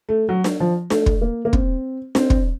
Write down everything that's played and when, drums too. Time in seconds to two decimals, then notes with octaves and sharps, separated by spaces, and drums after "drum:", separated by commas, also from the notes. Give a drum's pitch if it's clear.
0.09 A3
0.29 F#3
0.44 drum: snare D4
0.60 F3
0.90 A3, drum: snare D4
1.06 drum: kick
1.21 A#3
1.45 A#3
1.53 C4, drum: kick
2.15 C4, drum: snare D4
2.30 drum: kick